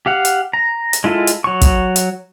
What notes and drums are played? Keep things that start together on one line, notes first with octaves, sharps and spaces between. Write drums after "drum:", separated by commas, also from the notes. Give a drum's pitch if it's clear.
G4 F5 F#5
drum: hi-hat
A#5
drum: hi-hat
G#3 E4 F4 A4
drum: hi-hat
F#3 C#6
drum: kick, hi-hat
drum: hi-hat